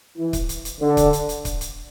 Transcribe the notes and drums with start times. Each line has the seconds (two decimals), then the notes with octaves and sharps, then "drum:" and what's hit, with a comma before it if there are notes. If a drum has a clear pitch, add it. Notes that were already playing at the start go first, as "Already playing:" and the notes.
0.17 E3
0.33 drum: kick C#1, hi-hat
0.49 drum: hi-hat
0.65 drum: hi-hat
0.81 D3
0.97 drum: kick C#1, hi-hat
1.13 drum: hi-hat
1.29 drum: hi-hat
1.45 drum: kick C#1, hi-hat
1.61 drum: hi-hat